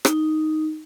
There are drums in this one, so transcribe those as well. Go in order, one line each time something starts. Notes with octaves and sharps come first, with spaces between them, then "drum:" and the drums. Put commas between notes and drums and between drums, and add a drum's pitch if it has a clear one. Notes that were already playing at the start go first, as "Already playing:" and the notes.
D#4, drum: rim click